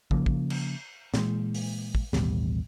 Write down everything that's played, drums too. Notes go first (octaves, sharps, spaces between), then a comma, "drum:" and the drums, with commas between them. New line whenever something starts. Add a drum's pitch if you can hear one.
C#3 F3 A#3, drum: kick
drum: kick
drum: cymbal
A#2 E3 G#3, drum: snare
drum: open hi-hat
drum: kick
A1 D#2 B2 G3, drum: snare